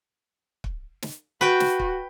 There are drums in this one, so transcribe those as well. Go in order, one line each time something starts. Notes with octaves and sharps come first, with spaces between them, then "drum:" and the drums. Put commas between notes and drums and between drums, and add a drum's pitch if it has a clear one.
drum: kick
drum: snare
F#4 B4 G5
drum: snare
drum: kick